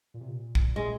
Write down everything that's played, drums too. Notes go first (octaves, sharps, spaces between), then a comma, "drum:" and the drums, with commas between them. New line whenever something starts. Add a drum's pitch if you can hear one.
A#2
C3
A#2
drum: kick
G#3